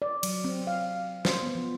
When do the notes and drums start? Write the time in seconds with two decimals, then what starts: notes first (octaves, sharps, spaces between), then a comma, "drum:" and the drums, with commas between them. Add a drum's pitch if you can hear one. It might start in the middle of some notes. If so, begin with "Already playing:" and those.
0.02 D5
0.23 F#3, drum: cymbal
0.44 C4
0.67 F5
1.25 C5, drum: snare
1.42 B3
1.55 F3